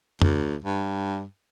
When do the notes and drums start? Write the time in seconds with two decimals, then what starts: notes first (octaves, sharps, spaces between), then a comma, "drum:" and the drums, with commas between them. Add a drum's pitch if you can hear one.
0.22 D2, drum: tom F2
0.64 G2